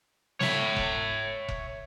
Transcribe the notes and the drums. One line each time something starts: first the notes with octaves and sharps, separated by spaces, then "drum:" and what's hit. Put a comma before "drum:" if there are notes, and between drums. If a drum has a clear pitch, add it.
C#5 E5, drum: snare
drum: kick F1
drum: kick F1